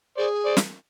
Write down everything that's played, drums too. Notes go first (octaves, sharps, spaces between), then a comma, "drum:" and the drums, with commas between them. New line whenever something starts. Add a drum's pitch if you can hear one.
G#4 C5 D5
C5 D5
drum: snare